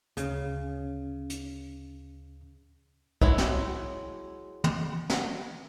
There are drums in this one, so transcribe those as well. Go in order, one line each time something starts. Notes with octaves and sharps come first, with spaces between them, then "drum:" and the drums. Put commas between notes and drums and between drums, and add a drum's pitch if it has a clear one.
D2 C#3 C#4, drum: hi-hat
drum: hi-hat
F#3 G#3 E4, drum: kick
drum: snare
drum: tom
drum: snare